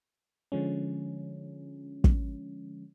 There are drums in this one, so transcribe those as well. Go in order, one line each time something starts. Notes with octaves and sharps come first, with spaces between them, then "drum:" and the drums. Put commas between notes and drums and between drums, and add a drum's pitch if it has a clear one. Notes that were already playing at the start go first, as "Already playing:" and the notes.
D3 F3 G#3 C#4
drum: kick